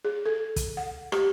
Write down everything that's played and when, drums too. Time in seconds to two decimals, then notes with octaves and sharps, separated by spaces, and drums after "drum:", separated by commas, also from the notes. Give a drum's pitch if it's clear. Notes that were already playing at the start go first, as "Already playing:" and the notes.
0.05 G#4
0.26 A4
0.56 drum: kick, hi-hat
0.77 F#5
1.12 G4, drum: rim click